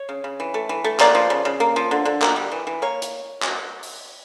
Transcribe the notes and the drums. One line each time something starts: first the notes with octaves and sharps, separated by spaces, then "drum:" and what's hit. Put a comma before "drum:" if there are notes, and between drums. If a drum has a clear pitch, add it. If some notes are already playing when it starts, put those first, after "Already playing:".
Already playing: C#5
C#3
C#3
E3
A3
E3
A3
A#3 D5, drum: clap
F3
C#3
C#3
A#3
F3
D3
D3
A#3, drum: clap
G3
E3
E3
A#3 C#5
drum: hi-hat
drum: clap
drum: open hi-hat